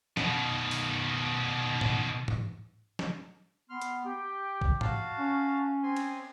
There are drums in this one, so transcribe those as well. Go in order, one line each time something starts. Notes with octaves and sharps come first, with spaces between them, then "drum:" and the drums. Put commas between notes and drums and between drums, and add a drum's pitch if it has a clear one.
B2 D#3, drum: snare
drum: open hi-hat
drum: tom G#2
drum: tom G#2
drum: snare
B3 C6 F6
drum: hi-hat
G4 G5
drum: kick A#1
F#4 F5 A5, drum: tom G#2
C#4
C4 G#5 C6
drum: cymbal